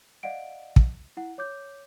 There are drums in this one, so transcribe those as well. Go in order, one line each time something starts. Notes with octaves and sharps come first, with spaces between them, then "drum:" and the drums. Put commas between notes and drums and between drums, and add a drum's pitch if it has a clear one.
D5 D#5 F5 F#5 D7
drum: kick
E4 F#5
C#5 D6 G6